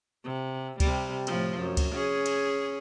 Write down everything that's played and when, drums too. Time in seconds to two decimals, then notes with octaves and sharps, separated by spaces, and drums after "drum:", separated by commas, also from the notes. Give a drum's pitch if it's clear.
0.24 C3
0.80 C3 G3, drum: kick C#2, cymbal
1.27 A2 F3, drum: cymbal
1.58 F#2
1.77 drum: kick C#2, cymbal
1.94 C#4 G#4
2.26 drum: cymbal